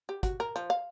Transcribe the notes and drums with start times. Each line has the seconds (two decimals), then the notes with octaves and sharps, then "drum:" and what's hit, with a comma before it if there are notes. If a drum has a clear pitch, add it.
0.09 G4
0.23 F#4, drum: kick, hi-hat
0.40 A#4
0.56 F3
0.70 F5